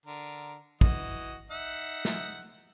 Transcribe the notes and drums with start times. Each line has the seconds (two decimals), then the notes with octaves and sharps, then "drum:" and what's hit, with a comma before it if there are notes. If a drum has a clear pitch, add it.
0.06 D3 A#4
0.81 E3 F#4 D#5, drum: kick
1.50 D#4 E5 F#5
2.05 drum: snare